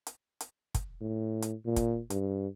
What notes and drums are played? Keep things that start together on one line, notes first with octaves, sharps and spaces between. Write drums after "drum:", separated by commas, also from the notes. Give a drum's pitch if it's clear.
drum: hi-hat
drum: hi-hat
drum: kick, hi-hat
A2
drum: hi-hat
A#2
drum: kick, hi-hat
G2, drum: hi-hat